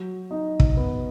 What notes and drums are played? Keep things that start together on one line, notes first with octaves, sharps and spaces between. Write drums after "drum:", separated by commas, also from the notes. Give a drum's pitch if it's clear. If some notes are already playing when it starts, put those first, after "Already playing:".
Already playing: F#3
D#4
drum: kick
B3